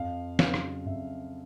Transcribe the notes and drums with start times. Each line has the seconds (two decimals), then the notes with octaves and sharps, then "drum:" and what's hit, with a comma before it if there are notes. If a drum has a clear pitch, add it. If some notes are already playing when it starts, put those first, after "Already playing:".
Already playing: F2 F5
0.39 C#3 F#3 F5, drum: snare
0.54 drum: rim click
0.86 F2 E5